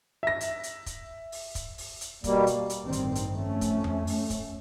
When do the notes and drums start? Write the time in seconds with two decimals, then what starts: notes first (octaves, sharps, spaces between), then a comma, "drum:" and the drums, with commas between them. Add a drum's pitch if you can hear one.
0.23 E5 A#6
0.41 drum: hi-hat
0.63 drum: hi-hat
0.86 drum: kick, hi-hat
1.32 drum: open hi-hat
1.55 drum: kick, hi-hat
1.78 drum: open hi-hat
2.01 drum: hi-hat
2.24 B2 G3 A#3, drum: kick, hi-hat
2.47 drum: hi-hat
2.70 drum: hi-hat
2.82 A1 G2 D#3 C4
2.93 drum: hi-hat
3.15 drum: hi-hat
3.35 F2 A3 C#4
3.61 drum: kick, hi-hat
3.84 drum: tom F2
4.07 drum: open hi-hat
4.30 drum: kick, hi-hat